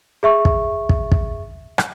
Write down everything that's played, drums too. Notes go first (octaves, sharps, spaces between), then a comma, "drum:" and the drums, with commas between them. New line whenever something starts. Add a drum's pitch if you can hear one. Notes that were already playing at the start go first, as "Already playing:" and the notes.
G#4 E5 C#6
drum: kick
drum: kick
drum: kick
drum: rim click